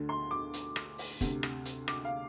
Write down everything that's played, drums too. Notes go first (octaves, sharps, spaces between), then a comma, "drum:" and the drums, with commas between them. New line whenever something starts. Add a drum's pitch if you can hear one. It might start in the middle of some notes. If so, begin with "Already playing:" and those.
Already playing: D2 D3
C6
D6
drum: hi-hat
drum: rim click
drum: open hi-hat
D2 C3, drum: kick, hi-hat
drum: rim click
drum: hi-hat
D6, drum: rim click
F5